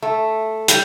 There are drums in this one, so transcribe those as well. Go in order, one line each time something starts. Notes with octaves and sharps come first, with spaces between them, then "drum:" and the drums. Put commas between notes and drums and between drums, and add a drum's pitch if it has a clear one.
A3
G3, drum: hi-hat